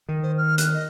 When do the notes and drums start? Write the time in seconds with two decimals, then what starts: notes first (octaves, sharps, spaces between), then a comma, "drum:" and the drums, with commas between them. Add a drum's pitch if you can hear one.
0.09 D#3
0.23 C5
0.38 F6
0.58 F#6, drum: hi-hat
0.74 D#5